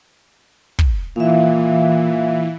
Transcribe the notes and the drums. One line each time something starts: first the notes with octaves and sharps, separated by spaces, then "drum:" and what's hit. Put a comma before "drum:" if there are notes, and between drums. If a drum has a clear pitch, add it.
drum: kick
A#2 E3 E5 F5